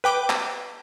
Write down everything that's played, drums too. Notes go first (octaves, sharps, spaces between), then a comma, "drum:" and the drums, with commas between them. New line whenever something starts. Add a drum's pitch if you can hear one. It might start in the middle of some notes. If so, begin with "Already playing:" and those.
B4 G5 D6
drum: clap